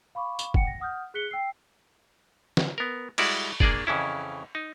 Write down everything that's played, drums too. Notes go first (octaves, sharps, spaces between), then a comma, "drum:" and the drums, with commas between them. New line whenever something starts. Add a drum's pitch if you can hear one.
F5 B5 C#6 D6
drum: tambourine
F#5 G5 C#7, drum: kick
A#6
F#5 D#6 F6 G6
G#4 F#6 B6 C#7 G7
G5 E6 C7
drum: snare
B3 A#4
G3 G#3 E4 F#4 D5, drum: cymbal
A#3 D4 G#4 D5, drum: kick
F2 C#3 E3 C#4 E4
D#4